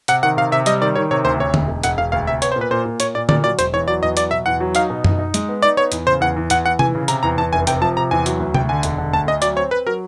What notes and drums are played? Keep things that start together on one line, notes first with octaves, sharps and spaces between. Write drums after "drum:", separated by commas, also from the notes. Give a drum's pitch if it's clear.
C3 F#5, drum: hi-hat
D#3 F#5
C3 F5
C3 E5
G3 D#5, drum: hi-hat
D#3 D5
D#3 C#5
C3 C#5
D2 C5
D2 C#5
E1, drum: tom D3
E1
E1 F#5, drum: hi-hat
E1 F5
D2 F5
C3 E5
B3 C#5, drum: hi-hat
C5
A#2
B4
A#2 C5
A#2
A#2 C#5, drum: hi-hat
A#2 D5
A#2 D5, drum: tom D3
F#3 D5
E1 C5, drum: hi-hat
E2 C#5
F#3 D5
E2 D#5
F#3 D5, drum: hi-hat
B2 E5
E2 F#5
F#3
D#4 F5, drum: hi-hat
B2
D#4, drum: tom F#2
D#4
G#3, drum: hi-hat
B3
D#4 D5
B3 C#5
E2, drum: hi-hat
C#3 C5
E2 F#5
E2
E2 F#5, drum: hi-hat
E3 F#5
E3 G#5, drum: tom C3
C#3
C3 A#5, drum: hi-hat
E2 A#5
E2 A5
F1 G#5
C3 G5, drum: hi-hat
F3 A5
C3 A#5
E2 G#5
F#3, drum: hi-hat
D2
D2 G5, drum: tom C3
D3 G#5
E1, drum: hi-hat
D3
D2 A5
D2 D#5
F#3 D5, drum: hi-hat
C4 C#5
C4 B4
F#3 A#4